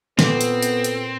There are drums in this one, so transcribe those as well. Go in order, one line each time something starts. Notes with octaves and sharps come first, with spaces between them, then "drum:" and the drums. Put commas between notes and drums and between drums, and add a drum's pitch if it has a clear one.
A#2 B3 C4 A4 B4, drum: snare
drum: hi-hat
drum: hi-hat
drum: hi-hat